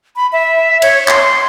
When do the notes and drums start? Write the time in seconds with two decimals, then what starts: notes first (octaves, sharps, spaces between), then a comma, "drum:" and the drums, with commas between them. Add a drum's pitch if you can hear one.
0.16 B5
0.32 E5
0.82 C#5, drum: cymbal
1.08 C6, drum: clap